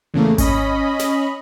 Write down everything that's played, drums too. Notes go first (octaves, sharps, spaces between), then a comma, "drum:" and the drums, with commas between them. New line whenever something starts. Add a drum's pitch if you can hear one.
E2 C#3 A3 A#3
C#4 D#5 B5, drum: kick G#1, hi-hat
drum: snare